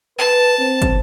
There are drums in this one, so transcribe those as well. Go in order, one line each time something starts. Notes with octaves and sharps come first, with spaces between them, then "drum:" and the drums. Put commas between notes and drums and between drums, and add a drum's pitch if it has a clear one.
B4 A5
C4
drum: kick, hi-hat